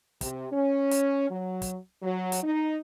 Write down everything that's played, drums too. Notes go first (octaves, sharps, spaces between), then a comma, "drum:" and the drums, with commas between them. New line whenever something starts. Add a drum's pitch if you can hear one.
C3, drum: kick, hi-hat
C#4
drum: hi-hat
F#3
drum: kick, hi-hat
F#3
drum: hi-hat
D#4